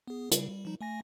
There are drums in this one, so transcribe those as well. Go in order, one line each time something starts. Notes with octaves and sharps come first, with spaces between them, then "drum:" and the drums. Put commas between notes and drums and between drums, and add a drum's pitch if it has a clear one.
B3 G#4
C#3 G3, drum: hi-hat
G3
F3 G3 D#4
A3 G#5 A#6